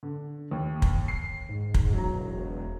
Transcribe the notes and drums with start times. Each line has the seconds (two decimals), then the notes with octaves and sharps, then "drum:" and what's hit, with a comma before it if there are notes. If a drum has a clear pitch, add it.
0.03 D3
0.51 D#2
0.82 drum: kick
1.08 C7
1.49 G#2
1.74 drum: kick
1.94 E1 F#3 A#5